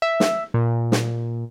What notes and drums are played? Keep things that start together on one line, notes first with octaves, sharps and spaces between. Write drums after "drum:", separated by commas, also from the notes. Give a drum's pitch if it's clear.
E5
drum: snare
A#2
drum: snare